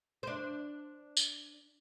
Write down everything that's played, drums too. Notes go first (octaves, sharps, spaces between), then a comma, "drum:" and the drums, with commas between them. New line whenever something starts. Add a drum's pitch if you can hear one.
D4 C5
drum: tambourine